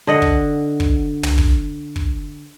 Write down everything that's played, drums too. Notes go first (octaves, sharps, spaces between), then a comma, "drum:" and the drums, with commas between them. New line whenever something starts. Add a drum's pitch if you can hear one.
D3 D#5 F#5
drum: kick
drum: kick
drum: tom
drum: kick
drum: kick